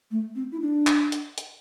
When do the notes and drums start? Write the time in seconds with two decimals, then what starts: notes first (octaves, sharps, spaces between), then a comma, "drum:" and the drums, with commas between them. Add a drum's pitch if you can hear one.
0.11 A3
0.35 C4
0.52 E4
0.61 D4
0.87 drum: clap
1.12 drum: hi-hat
1.38 drum: hi-hat